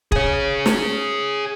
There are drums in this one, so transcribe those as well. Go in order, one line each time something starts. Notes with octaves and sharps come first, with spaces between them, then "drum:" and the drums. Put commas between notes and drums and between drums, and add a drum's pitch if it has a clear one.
G#4 C#5, drum: kick
drum: snare